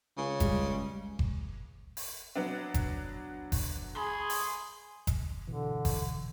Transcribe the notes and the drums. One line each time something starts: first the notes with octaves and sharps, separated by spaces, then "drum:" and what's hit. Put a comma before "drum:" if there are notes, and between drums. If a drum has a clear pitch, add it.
C#2 C#3
G3 G#3, drum: kick F#1, hi-hat
drum: kick F#1
drum: open hi-hat
F#3 B3 D4
drum: kick F#1, hi-hat
drum: kick F#1, open hi-hat
G#4 B5 C6
drum: open hi-hat
drum: kick F#1, hi-hat
G2 B2 D3 E3
drum: kick F#1, open hi-hat